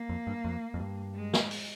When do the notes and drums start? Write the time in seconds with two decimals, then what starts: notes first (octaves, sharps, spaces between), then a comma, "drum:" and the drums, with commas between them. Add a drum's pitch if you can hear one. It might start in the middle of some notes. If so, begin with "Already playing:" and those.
Already playing: A#3
0.09 F2
0.27 G2
0.45 F2
0.74 F2
0.79 G2
1.15 G#3
1.34 drum: snare
1.51 drum: open hi-hat